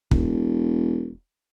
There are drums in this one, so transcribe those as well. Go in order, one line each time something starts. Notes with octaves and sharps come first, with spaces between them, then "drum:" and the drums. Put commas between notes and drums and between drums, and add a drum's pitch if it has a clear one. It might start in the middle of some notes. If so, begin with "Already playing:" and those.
E1, drum: kick